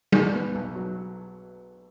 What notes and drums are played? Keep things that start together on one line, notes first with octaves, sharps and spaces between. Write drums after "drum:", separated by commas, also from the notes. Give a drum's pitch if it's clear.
B2 G#4, drum: tom G3
B3
B1
F#3